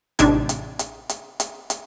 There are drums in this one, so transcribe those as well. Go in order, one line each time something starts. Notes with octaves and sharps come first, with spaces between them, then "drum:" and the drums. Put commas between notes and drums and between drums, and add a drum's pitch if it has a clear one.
A1 C3 D4 D#4 G#6, drum: hi-hat
drum: hi-hat
drum: hi-hat
drum: hi-hat
drum: hi-hat
drum: hi-hat